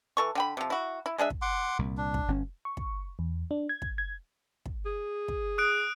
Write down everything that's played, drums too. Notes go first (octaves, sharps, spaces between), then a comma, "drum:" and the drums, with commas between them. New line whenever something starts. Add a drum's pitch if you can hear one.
E3 A4 C#6
D3 G5 B5
C3 F3
E4 F#4
E4
G#3 D4 G#4 E5
drum: kick
F#5 C6 D6
C2 A#2
D4
drum: kick
G1 C#4
C#6
drum: kick
E2
D4
G#6
drum: kick
G#6
drum: kick
G#4
drum: kick
D#6 F#6 D7